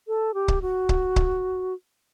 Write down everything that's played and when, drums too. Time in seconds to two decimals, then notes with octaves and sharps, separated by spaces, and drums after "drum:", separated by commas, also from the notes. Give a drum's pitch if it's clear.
0.08 A4
0.34 G4
0.48 drum: kick C#1
0.62 F#4
0.89 drum: kick C#1
1.16 drum: kick C#1